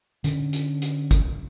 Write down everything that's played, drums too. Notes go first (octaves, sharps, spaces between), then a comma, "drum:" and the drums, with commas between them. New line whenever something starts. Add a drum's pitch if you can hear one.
D3 C#4, drum: hi-hat
drum: hi-hat
drum: hi-hat
drum: kick, hi-hat